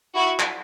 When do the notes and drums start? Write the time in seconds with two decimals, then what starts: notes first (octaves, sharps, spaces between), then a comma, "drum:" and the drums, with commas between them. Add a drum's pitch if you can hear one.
0.15 E4 F#4
0.39 drum: clap